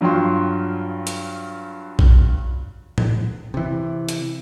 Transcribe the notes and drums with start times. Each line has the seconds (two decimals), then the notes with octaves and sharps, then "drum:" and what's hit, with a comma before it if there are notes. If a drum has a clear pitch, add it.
0.01 G2 F#3 F4 G5 C6
1.07 drum: hi-hat
1.99 drum: kick
2.98 drum: tom A2
3.54 C3 E3
4.09 drum: hi-hat